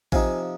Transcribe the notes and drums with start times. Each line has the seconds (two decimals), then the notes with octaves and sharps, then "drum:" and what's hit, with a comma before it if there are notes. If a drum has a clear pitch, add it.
0.12 C3 F3 C4 D#4 F5 G#5, drum: kick A1